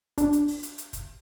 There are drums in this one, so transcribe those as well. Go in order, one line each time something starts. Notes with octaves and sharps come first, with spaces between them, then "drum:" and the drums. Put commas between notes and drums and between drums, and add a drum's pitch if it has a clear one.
D4, drum: kick F1, hi-hat
drum: hi-hat
drum: open hi-hat
drum: hi-hat
drum: hi-hat
drum: kick F1, hi-hat